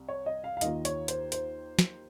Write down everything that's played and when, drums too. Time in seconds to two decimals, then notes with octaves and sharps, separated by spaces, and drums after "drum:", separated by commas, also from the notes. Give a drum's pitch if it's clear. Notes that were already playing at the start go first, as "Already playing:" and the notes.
Already playing: C2
0.09 C#5
0.26 D#5
0.44 F5
0.57 F5
0.61 D#2 D#3 A#3 F4 D#5, drum: hi-hat
0.85 C#5, drum: hi-hat
1.08 C5, drum: hi-hat
1.32 C5, drum: hi-hat
1.79 drum: snare